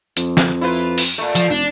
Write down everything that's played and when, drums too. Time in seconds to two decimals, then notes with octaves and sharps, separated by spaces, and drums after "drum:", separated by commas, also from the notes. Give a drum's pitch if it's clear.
0.17 F2, drum: hi-hat
0.37 drum: snare
0.61 E4 F4 B4
0.98 drum: open hi-hat
1.18 A#2 A3
1.35 F3, drum: hi-hat
1.50 F1 D4